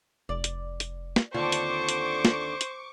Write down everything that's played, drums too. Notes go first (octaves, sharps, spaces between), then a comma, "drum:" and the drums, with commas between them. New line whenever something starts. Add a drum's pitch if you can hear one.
F1 D5
drum: hi-hat
drum: hi-hat
drum: snare
D#2 D3 C4 F4 C5 C#6 D6
drum: hi-hat
drum: hi-hat
drum: snare
drum: hi-hat